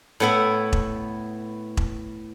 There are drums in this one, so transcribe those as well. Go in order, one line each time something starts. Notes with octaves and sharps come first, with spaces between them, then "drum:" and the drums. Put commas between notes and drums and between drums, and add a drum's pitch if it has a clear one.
A2 B3 E4
drum: kick E1
drum: kick E1